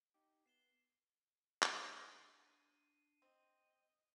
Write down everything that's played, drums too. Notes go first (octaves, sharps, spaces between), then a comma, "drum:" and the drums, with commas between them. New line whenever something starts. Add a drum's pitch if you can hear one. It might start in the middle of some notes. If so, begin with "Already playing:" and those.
D#4 G4
B3 C7 E7 G7
drum: clap
D4 C7
D#7
C4 D#5